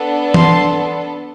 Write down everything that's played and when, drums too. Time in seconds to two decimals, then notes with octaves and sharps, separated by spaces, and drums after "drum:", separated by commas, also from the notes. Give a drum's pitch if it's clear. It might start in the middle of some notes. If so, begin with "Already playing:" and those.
Already playing: B3 D4 A4
0.34 A5 C6, drum: tom E3